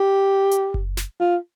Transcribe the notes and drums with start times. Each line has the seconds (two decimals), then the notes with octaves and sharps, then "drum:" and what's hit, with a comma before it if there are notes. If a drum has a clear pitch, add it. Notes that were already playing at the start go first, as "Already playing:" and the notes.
Already playing: G4
0.51 drum: hi-hat
0.74 drum: kick F#1
0.97 drum: snare
1.20 F4